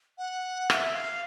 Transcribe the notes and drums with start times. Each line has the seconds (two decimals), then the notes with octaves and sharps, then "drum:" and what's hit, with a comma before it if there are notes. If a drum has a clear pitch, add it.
0.18 F#5
0.70 F5, drum: rim click
0.73 E5
0.95 F5